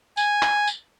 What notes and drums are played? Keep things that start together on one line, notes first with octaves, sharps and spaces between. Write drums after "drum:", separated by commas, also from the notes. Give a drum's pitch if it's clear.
G#5, drum: tambourine
drum: clap
drum: tambourine